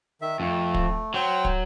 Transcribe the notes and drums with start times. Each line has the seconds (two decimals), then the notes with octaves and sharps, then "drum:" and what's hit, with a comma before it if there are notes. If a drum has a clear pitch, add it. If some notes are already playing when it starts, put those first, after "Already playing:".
0.22 D#3 E5
0.40 F2 A3
0.74 drum: kick
1.14 F#3 C5 G5
1.45 drum: kick